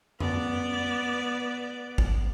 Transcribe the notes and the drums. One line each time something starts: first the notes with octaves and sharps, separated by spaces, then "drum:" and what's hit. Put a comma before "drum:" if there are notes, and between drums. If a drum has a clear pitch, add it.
B3 D5, drum: tom F2
drum: kick G#1